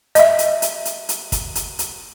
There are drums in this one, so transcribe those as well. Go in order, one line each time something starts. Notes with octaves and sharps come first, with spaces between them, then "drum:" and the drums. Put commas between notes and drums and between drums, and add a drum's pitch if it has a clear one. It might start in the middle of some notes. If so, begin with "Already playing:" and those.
D#5 E5, drum: hi-hat
drum: hi-hat
drum: hi-hat
drum: hi-hat
drum: hi-hat
drum: kick, hi-hat
drum: hi-hat
drum: hi-hat